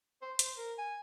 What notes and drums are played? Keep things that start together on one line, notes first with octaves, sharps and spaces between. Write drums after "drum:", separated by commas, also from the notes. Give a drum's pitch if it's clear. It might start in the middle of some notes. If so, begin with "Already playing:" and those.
C5
C5, drum: hi-hat
A#4
G#5